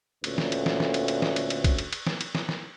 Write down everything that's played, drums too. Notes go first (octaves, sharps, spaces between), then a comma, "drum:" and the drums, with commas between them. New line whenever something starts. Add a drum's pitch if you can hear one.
D2 A#2 D3 B3 C#4, drum: cymbal
drum: snare
drum: cymbal
drum: snare
drum: snare
drum: cymbal
drum: cymbal
drum: snare
drum: cymbal
drum: cymbal
drum: kick, cymbal
drum: cymbal
drum: cymbal
drum: snare
drum: cymbal
drum: snare
drum: snare